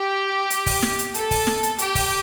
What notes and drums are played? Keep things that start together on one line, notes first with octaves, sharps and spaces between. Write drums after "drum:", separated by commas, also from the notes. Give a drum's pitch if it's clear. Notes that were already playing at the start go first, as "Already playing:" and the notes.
Already playing: G4
drum: hi-hat
drum: kick, open hi-hat
drum: snare
drum: hi-hat
A4, drum: hi-hat
drum: kick, open hi-hat
drum: snare
drum: hi-hat
G4, drum: hi-hat
drum: kick, open hi-hat